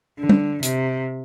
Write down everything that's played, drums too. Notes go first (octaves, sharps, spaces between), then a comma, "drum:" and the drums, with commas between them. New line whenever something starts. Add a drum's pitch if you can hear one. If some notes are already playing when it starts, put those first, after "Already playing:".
D3
drum: tom
C3, drum: hi-hat